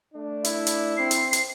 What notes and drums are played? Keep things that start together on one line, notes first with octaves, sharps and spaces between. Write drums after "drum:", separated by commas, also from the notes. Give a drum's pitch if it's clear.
A3 D4
E4, drum: hi-hat
drum: hi-hat
C4 C7
drum: hi-hat
drum: hi-hat